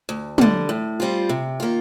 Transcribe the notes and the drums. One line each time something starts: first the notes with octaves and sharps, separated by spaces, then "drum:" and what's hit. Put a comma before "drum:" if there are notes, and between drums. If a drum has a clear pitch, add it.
D2
D3 G3, drum: tom
A2
G3 C4 F4
C3
D#3 A#3 F4